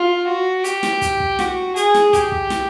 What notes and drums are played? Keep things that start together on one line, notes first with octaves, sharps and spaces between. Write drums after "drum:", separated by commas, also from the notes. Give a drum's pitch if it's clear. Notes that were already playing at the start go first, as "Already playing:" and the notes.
Already playing: F4
F#4
G4, drum: hi-hat
drum: snare
drum: kick, hi-hat
drum: kick
F#4, drum: snare
G#4, drum: hi-hat
drum: snare
G4, drum: kick, hi-hat
drum: kick
drum: snare